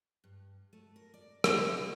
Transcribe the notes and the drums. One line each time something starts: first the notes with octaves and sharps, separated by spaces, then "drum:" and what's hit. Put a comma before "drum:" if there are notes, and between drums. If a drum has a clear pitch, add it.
G2
A3
A#4
D5
drum: rim click
A3
A3